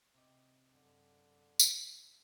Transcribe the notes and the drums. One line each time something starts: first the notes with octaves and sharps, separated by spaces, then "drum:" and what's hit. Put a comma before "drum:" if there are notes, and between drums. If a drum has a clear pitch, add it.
C3 G4 D#5
F#2 D3
drum: tambourine